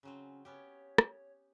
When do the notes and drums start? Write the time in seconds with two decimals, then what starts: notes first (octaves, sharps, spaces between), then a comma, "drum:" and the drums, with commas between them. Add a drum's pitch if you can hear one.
0.03 C#3 F#3 C4 C#4
0.45 B3 C#4 G4 C#5
0.98 drum: rim click